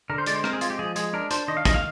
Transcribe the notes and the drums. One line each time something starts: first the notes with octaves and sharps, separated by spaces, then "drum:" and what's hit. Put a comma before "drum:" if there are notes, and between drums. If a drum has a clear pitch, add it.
D3 A#4
C5
G#3 D5, drum: hi-hat
C5
C4 A#4, drum: rim click
G#4
G#3 F4, drum: hi-hat
G4
F3 G#4
G#3 G#4, drum: hi-hat
D4 A#4
D4 C5, drum: hi-hat
D#3 D#5
F5
D#3 D#5, drum: kick, hi-hat
F5